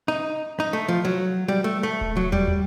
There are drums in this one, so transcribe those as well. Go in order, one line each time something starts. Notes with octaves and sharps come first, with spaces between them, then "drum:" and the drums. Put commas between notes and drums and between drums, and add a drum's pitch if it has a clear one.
D#4
D#4
A3
F3
F#3
G3
A3
A3
drum: kick D#1
F#3
G3, drum: tom
drum: tom